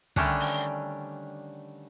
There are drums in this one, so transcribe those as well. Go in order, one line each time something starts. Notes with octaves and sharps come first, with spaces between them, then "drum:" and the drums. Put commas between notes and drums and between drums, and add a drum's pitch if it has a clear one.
D3 D#3 G3 A3 C#4 D4, drum: kick
drum: open hi-hat